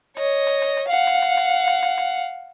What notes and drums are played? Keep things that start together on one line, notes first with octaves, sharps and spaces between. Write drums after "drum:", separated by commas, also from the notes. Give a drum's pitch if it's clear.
C#5 D#5, drum: hi-hat
drum: hi-hat
drum: hi-hat
drum: hi-hat
F5 F#5
drum: hi-hat
drum: hi-hat
drum: hi-hat
drum: hi-hat
drum: hi-hat
drum: hi-hat